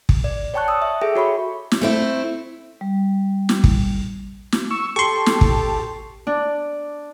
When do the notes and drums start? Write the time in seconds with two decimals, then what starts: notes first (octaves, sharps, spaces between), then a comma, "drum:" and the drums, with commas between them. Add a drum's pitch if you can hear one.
0.09 drum: kick
0.24 D5
0.54 C#5 D5 G5 A5 C#6 F#6
0.68 D#6 E6
0.82 E5
1.01 G#4 A4 E5 G5
1.15 F#4 C#5 B5 C#6
1.72 drum: snare
1.81 A3 C4 E4
2.81 G3
3.49 drum: snare
3.64 drum: kick
4.52 drum: snare
4.71 C#6 E6
4.96 G4 A4 C6 C#6
5.26 drum: snare
5.41 drum: kick
6.27 D4